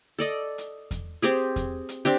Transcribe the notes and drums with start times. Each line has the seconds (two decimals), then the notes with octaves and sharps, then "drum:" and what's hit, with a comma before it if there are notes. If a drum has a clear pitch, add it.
0.19 A4 D5 D#5
0.58 drum: hi-hat
0.91 drum: kick E2, hi-hat
1.22 C4 G4 G#4, drum: hi-hat
1.56 drum: kick E2, hi-hat
1.89 drum: hi-hat
2.05 C4 D4 G4